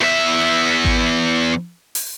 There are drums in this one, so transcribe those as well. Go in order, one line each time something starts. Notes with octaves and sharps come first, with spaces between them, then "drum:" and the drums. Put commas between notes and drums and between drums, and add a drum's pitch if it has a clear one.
E2 E5
drum: kick G#1
drum: open hi-hat